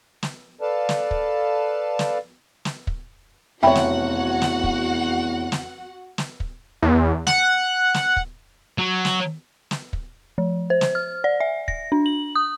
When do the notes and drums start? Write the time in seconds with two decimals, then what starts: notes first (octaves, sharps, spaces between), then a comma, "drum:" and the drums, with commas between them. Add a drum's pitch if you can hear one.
0.23 drum: snare
0.61 A4 B4 D5 F5 A5
0.89 drum: snare
1.11 drum: kick
1.99 drum: snare
2.65 drum: snare
2.87 drum: kick
3.63 F1 E2 F#4 C#5 E5 F#5 G5 B5
3.75 drum: snare
4.42 drum: snare
4.64 drum: kick
5.52 drum: snare
6.18 drum: snare
6.40 drum: kick
6.83 E2
7.27 F#5, drum: snare
7.94 drum: snare
8.16 drum: kick
8.78 F#3
9.05 drum: snare
9.71 drum: snare
9.93 drum: kick
10.38 F3
10.70 C5
10.81 drum: snare
10.95 F6
11.24 D5
11.40 E5
11.68 A#6, drum: kick
11.92 D4
12.06 F#7
12.35 D#6